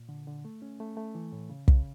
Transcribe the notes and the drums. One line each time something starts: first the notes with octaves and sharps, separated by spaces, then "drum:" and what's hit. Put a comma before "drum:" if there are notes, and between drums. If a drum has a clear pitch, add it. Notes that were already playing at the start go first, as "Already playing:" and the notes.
Already playing: A#2
D3
D3
A3
C#4
A3
A3
E3
A2
C#3
C#3, drum: kick